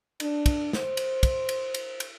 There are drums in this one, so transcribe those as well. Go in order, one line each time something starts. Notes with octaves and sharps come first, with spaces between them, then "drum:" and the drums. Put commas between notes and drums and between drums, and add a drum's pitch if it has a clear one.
D4, drum: cymbal
drum: kick, cymbal
C5, drum: snare
drum: cymbal
drum: kick, cymbal
drum: cymbal
drum: cymbal
drum: cymbal